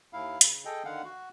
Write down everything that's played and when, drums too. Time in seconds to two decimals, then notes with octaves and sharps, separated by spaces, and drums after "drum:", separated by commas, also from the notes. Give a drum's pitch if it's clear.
0.13 D#2 E4 F5
0.41 C#3, drum: hi-hat
0.65 G#4 A4 D#5 G5
0.85 D3 D#3 F5 F#5
1.04 F#4